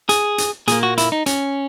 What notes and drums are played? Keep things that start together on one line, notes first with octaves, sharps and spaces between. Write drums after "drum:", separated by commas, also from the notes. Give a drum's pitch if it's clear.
G#4, drum: hi-hat
drum: hi-hat
A#2 A#3 G#4, drum: hi-hat
F#4
E4, drum: hi-hat
D#4
C#4, drum: hi-hat